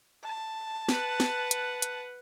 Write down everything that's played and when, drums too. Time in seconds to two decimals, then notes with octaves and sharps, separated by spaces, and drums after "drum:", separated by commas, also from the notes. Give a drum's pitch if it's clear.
0.24 A5
0.89 B4 F#5, drum: snare
1.20 drum: snare
1.51 drum: hi-hat
1.82 drum: hi-hat